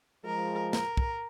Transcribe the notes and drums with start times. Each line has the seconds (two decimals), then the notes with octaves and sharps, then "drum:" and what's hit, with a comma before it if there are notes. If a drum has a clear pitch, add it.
0.24 F3 G#3 A#4
0.73 A#4, drum: snare
0.97 drum: kick